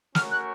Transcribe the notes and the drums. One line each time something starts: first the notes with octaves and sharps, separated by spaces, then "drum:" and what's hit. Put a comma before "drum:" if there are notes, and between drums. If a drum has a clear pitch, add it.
A3 C#4 F#4 A#4 C#5 F6, drum: snare
F#6